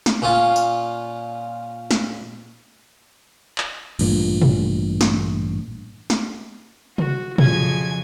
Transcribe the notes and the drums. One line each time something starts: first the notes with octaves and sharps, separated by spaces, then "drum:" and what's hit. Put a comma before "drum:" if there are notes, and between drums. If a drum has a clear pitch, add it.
drum: snare
A#2 C#4 F4
drum: tambourine
drum: snare
drum: clap
A1 G2 A#2, drum: cymbal
drum: tom
drum: snare
drum: snare
F#4, drum: tom
F2 C#3 F3 F#3 G#5 G#6, drum: tom